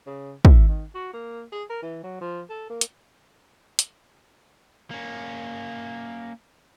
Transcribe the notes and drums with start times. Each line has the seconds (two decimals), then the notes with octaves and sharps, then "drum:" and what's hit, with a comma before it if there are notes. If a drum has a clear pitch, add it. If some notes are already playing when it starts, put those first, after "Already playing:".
0.07 C#3
0.45 E4, drum: kick
0.67 D#3
0.94 F#4
1.13 A#3
1.52 G#4
1.69 A#4
1.82 E3
2.03 F#3
2.21 F3
2.49 A4
2.69 A#3
2.81 drum: hi-hat
3.79 drum: hi-hat
4.91 A#3 C#4